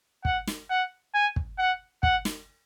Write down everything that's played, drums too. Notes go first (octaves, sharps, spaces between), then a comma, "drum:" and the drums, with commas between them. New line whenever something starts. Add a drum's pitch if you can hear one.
F#5, drum: kick
drum: snare
F#5
G#5
drum: kick
F#5
F#5, drum: kick
drum: snare